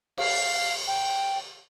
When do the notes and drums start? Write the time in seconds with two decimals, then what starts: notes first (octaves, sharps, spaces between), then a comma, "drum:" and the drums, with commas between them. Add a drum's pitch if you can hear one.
0.18 F5, drum: cymbal
0.87 G5